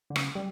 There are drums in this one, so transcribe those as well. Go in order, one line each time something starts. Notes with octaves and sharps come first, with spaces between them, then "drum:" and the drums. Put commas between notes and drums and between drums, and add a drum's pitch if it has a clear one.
D3
C#3, drum: rim click
G3